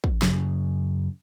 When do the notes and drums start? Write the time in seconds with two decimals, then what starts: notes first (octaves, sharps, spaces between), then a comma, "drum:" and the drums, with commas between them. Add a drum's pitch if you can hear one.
0.04 drum: kick
0.22 F#2 C#3, drum: snare